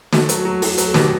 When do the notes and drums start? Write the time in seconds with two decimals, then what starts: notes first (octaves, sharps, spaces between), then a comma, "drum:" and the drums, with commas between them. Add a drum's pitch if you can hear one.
0.13 A3 F#4, drum: snare
0.29 F#3, drum: hi-hat
0.37 F#4
0.45 F#3
0.62 F#3 E4, drum: open hi-hat
0.73 F#4
0.78 F#3, drum: hi-hat
0.86 A4
0.94 B2 G4, drum: snare